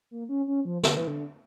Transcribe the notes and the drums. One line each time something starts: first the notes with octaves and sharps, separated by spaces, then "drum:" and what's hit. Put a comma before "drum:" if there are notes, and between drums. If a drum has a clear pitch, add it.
A#3
C#4
C#4
F3
D3, drum: snare
E3
D3